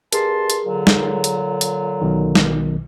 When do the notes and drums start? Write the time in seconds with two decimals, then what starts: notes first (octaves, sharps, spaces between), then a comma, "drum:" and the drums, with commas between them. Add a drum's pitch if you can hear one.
0.12 G2 G#4 A#4 A5 C6, drum: hi-hat
0.50 drum: hi-hat
0.66 A#2 D3 F#3
0.87 drum: snare
1.24 drum: hi-hat
1.61 drum: hi-hat
2.02 B1 B2 D#3
2.35 drum: snare